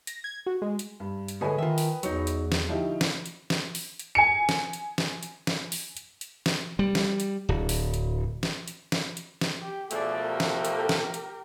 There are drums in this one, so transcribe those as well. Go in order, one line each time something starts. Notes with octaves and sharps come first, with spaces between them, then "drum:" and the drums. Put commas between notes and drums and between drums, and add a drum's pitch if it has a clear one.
A#6, drum: hi-hat
G#6
F#4
G#3
drum: hi-hat
G2
drum: hi-hat
A2 D3 G#3 B4 D#5 G#5
D#3 F4 E5
drum: open hi-hat
E2 F#3 D#4, drum: hi-hat
drum: hi-hat
drum: snare
D2 F3 D#4 E4 G4
drum: snare
drum: hi-hat
drum: snare
drum: open hi-hat
drum: hi-hat
G#5 C#7
drum: snare
drum: hi-hat
drum: snare
drum: hi-hat
drum: snare
drum: open hi-hat
drum: hi-hat
drum: hi-hat
drum: snare
G3
drum: snare
drum: hi-hat
D1
drum: open hi-hat
drum: hi-hat
drum: snare
drum: hi-hat
drum: snare
drum: hi-hat
drum: snare
G4
B2 F3 A3 G#4 D5, drum: hi-hat
G4 A#4
drum: snare
drum: hi-hat
drum: snare
drum: hi-hat